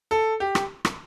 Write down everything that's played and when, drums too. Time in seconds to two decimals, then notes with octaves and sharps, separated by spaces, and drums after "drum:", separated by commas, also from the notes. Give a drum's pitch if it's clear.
0.11 A4
0.40 G4
0.55 drum: rim click
0.85 drum: rim click